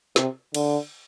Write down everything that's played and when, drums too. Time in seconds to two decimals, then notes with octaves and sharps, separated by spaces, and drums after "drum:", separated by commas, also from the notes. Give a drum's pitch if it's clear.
0.16 C3, drum: snare
0.54 D3, drum: cymbal